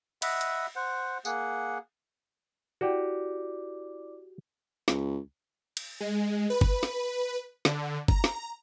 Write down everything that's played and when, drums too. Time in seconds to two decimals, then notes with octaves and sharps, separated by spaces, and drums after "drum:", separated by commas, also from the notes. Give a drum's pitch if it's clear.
0.22 D#5 E5 F#5 B5, drum: cymbal
0.41 drum: hi-hat
0.76 C5 F#5
1.25 A#3 G#4 F#5, drum: tambourine
2.81 E4 F#4 G4 D5 D6
4.88 C#2, drum: snare
5.77 drum: cymbal
6.00 G#3
6.50 B4
6.61 drum: kick
6.83 drum: snare
7.65 D3, drum: snare
8.08 A#5, drum: kick
8.24 drum: snare